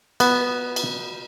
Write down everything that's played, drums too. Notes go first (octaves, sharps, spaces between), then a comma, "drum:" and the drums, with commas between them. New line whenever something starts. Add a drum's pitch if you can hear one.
B3, drum: cymbal
drum: cymbal